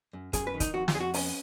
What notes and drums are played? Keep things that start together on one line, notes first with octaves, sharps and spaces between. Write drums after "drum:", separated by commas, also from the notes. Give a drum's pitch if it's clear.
F#2
F#2 G#4, drum: kick, hi-hat
B4
D#3
D#4, drum: kick, hi-hat
F2 F#4
F4, drum: snare
F2 G#4
F#4
B3 C#4, drum: open hi-hat